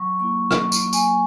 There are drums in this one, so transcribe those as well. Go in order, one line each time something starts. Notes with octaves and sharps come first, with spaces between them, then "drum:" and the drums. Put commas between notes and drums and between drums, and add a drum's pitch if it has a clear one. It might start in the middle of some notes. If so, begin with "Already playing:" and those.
Already playing: F#3 C#6
A#3 E4 C#6
F#3 C#6, drum: rim click
drum: tambourine
A#3 E4
G#5, drum: tambourine